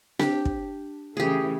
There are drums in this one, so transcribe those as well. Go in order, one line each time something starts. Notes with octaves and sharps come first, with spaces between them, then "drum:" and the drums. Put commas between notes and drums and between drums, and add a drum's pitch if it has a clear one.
D4 G4, drum: snare C4
drum: kick
C#3 E3 A3 G4 G#4